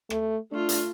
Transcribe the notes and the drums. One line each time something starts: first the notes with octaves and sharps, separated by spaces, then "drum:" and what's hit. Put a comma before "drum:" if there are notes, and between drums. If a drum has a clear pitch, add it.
A3, drum: rim click
A3 D4 F4
drum: hi-hat